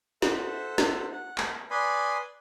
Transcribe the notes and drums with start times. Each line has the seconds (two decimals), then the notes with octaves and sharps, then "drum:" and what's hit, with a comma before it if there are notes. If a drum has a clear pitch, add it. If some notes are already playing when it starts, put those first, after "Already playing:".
0.22 A4 C5 E5 F#5, drum: snare
0.78 drum: snare
1.12 F#5
1.38 drum: clap
1.70 B4 D5 G#5 B5 C6 D#6